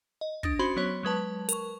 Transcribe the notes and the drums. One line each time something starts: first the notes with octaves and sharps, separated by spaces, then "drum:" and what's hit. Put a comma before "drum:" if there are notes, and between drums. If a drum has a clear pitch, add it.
D#5
D4 D#6 A6 A#6, drum: kick
C#4 F#4 C5 B5 C6
F#3 B3 C#5
F#3 G#3 B4 A5
A#4 C#6, drum: hi-hat